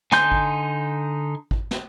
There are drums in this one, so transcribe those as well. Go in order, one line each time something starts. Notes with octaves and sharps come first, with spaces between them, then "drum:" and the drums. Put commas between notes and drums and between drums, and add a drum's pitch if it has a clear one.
D3 D#4 G#5 C6 G6, drum: snare
drum: kick G#1
drum: kick G#1
drum: snare